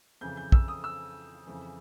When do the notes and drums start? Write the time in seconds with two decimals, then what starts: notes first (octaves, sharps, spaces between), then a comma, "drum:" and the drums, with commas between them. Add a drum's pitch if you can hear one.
0.21 F2 C#3 E3 G6
0.37 G6
0.52 E6, drum: kick
0.68 D#6
0.84 E6
1.47 F2 C#3 E3